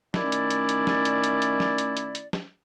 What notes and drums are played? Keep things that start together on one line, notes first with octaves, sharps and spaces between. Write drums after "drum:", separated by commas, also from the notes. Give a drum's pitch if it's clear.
D#3 A3 C#4 E4 D5, drum: snare
drum: hi-hat
drum: hi-hat
drum: hi-hat
drum: snare
drum: hi-hat
drum: hi-hat
drum: hi-hat
drum: snare
drum: hi-hat
drum: hi-hat
drum: hi-hat
drum: snare